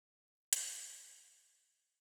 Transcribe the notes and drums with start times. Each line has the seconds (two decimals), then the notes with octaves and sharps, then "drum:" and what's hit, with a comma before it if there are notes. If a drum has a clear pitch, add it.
0.18 F4 E5
0.53 drum: hi-hat